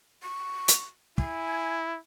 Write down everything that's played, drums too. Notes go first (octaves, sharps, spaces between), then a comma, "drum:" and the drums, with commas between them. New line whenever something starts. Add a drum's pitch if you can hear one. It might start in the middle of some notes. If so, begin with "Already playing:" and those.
C#6
drum: hi-hat
E4 G#5, drum: kick